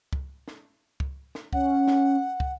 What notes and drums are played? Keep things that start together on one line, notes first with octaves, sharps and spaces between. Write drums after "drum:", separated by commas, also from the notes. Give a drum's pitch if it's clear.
drum: kick
drum: snare
drum: kick
drum: snare
C#4 F#5, drum: kick
drum: snare
drum: kick